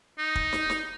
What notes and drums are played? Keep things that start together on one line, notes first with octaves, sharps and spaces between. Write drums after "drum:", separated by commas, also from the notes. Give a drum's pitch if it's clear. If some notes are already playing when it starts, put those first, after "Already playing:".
D#4
drum: kick
drum: snare
drum: snare